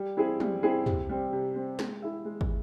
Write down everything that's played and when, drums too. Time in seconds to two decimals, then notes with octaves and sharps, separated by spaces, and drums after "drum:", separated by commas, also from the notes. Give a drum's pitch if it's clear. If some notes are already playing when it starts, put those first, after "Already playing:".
Already playing: G3
0.17 C4 E4 G#4
0.40 G3, drum: tom
0.63 C4 E4 G#4
0.86 C3, drum: tom
1.09 G3 C4
1.33 C3
1.56 G3 C4
1.79 G#3, drum: snare
2.02 E4 G#4 E5
2.25 G#3
2.41 drum: kick